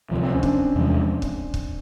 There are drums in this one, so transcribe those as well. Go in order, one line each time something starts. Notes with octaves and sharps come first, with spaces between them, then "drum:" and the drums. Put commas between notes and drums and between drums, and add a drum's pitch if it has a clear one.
D2 C3 F3
C4
C#4
C4 D4, drum: kick
E2 C3 F3 G#3
drum: kick
drum: kick